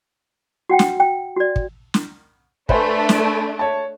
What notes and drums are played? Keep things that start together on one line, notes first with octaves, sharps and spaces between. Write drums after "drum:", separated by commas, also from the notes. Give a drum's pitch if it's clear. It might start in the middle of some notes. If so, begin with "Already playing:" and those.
F#4 F#5 G5
drum: snare
G5
F#4 D5
drum: kick
drum: snare
A3 D4 B4 C5 G#5, drum: kick
drum: snare
C#5 A5